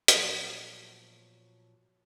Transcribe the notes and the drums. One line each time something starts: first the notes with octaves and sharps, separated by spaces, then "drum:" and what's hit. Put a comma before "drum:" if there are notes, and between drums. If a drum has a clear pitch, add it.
A#2 F3 F#3 B3, drum: hi-hat